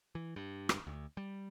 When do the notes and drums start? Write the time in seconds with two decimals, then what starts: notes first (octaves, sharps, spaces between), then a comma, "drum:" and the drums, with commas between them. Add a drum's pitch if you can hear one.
0.15 E3
0.36 G2
0.69 drum: rim click
0.87 D2
1.17 G3